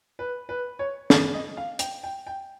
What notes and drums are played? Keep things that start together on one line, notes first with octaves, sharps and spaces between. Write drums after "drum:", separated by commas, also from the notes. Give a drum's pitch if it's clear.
B4
B4
C#5
D5, drum: snare
D#5
F5
G5, drum: hi-hat
G5
G5